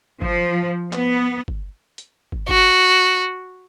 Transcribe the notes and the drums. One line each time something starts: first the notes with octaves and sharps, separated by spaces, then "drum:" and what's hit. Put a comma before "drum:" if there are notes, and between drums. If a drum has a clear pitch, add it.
F3, drum: kick
B3, drum: clap
drum: kick
drum: hi-hat
drum: kick
F#4, drum: kick